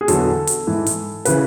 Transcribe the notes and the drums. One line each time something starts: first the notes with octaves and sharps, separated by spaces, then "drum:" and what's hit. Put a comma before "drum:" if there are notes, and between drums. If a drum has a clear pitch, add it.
G#4
E2 D3 F#3 A4, drum: hi-hat
drum: hi-hat
G#2 E3
drum: hi-hat
C#3 E3 B4, drum: hi-hat